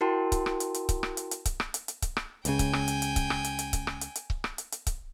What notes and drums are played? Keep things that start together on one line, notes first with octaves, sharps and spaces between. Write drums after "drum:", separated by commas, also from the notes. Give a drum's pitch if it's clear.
E4 F#4 A#4 G5 A5 C6
drum: kick C#1, hi-hat
drum: rim click
drum: hi-hat
drum: hi-hat
drum: kick C#1, hi-hat
drum: rim click
drum: hi-hat
drum: hi-hat
drum: kick C#1, hi-hat
drum: rim click
drum: hi-hat
drum: hi-hat
drum: kick C#1, hi-hat
drum: rim click
C#2 C#3 G5 G#5, drum: hi-hat
drum: kick C#1, hi-hat
drum: rim click
drum: hi-hat
drum: hi-hat
drum: kick C#1, hi-hat
drum: rim click
drum: hi-hat
drum: hi-hat
drum: kick C#1, hi-hat
drum: rim click
drum: hi-hat
drum: hi-hat
drum: kick C#1
drum: rim click
drum: hi-hat
drum: hi-hat
drum: kick C#1, hi-hat